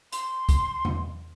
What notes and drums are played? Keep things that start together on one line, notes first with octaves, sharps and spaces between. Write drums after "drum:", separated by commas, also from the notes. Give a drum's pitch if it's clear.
C6, drum: hi-hat
drum: kick, hi-hat
drum: tom E2